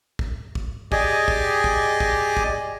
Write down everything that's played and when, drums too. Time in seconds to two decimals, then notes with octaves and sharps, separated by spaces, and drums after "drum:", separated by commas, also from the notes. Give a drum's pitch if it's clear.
0.19 drum: kick
0.55 drum: kick
0.92 G4 G#4 D5 D#5 G#5, drum: kick
1.28 drum: kick
1.64 drum: kick
2.00 drum: kick
2.37 drum: kick